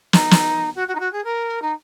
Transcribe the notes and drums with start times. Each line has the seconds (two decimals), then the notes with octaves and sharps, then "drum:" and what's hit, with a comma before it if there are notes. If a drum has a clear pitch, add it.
0.13 D#4, drum: snare
0.31 drum: snare
0.75 F#4
0.88 F#4
0.95 D#4
0.99 F#4
1.12 G#4
1.24 A#4
1.62 D#4